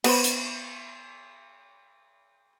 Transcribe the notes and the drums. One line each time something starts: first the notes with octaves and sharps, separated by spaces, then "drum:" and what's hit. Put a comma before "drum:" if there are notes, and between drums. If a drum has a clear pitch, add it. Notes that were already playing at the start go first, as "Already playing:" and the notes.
B3 B4 C5, drum: cymbal
drum: hi-hat